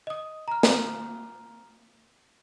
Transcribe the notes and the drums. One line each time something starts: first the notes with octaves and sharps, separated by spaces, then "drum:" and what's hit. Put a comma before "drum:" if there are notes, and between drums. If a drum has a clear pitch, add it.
D#5 D#6
A#5 F6
drum: snare